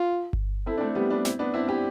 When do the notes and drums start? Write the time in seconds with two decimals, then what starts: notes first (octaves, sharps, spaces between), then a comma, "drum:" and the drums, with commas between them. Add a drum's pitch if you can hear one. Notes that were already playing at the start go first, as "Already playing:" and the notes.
Already playing: F4
0.33 drum: kick G1
0.66 C4 E4 A4
0.77 D4
0.81 A3 C4
0.95 G3 B3 G4
1.10 B3 D4
1.25 C4 E4, drum: snare
1.39 B3 D4
1.54 C4 D4 E4
1.68 E4 G4